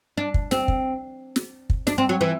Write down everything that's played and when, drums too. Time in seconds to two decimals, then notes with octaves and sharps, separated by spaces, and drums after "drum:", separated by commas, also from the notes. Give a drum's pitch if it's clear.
0.18 D4
0.34 drum: kick
0.51 C4, drum: snare
0.68 drum: kick
1.36 drum: snare
1.70 drum: kick
1.87 D4, drum: snare
1.98 C4
2.09 F#3
2.21 E3